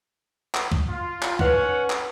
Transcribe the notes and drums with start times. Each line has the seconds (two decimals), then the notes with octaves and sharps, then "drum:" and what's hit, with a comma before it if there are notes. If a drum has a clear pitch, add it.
0.55 drum: clap
0.72 drum: kick
0.87 F4
1.22 drum: clap
1.39 C#4 D#4 B4 C#5 F#5, drum: kick
1.90 drum: clap